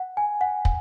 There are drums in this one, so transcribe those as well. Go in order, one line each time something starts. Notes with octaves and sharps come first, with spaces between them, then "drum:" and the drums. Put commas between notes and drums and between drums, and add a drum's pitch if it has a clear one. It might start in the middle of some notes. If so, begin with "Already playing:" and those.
Already playing: F#5
G#5
F#5
drum: kick